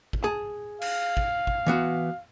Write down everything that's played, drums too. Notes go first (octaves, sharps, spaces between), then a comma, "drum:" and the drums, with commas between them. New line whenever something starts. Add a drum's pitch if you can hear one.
drum: kick
G#4 A5
F5, drum: cymbal
drum: kick
drum: kick
E3 B3 F#4